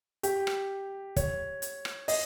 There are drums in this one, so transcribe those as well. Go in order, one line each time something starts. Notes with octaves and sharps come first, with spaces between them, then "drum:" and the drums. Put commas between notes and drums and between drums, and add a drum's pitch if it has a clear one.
G4, drum: hi-hat
drum: rim click
C#5, drum: kick, hi-hat
drum: hi-hat
drum: rim click
D#5, drum: open hi-hat